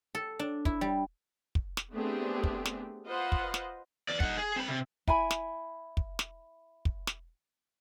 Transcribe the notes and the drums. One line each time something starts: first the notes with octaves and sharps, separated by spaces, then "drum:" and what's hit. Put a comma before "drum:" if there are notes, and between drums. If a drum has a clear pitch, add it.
A4
D4
E4, drum: kick
G3
drum: kick
drum: snare
A3 B3 C4 D4 G4 G#4
drum: kick
drum: snare
F4 B4 C5 D#5 F#5
drum: kick
drum: snare
E2 D5
D#4 F#5, drum: kick
G#4
C4 B5
C3
E4 G#5 B5, drum: kick
drum: snare
drum: kick
drum: snare
drum: kick
drum: snare